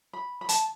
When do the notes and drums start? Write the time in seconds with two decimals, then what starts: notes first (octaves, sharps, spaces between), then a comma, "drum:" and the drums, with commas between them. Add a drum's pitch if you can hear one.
0.13 B5
0.41 B5
0.49 A5, drum: hi-hat